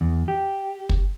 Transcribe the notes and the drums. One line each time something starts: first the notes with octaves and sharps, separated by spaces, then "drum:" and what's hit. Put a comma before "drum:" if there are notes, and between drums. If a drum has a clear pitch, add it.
E2
G4
drum: kick